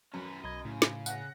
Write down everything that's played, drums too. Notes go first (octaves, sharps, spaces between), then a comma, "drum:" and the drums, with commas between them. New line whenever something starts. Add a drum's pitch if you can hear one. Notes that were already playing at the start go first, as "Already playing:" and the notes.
F#2 C#4 B4
B1 D#5 B5 G#6
A2 C#3
drum: snare
F#5 F#6 A#6, drum: tambourine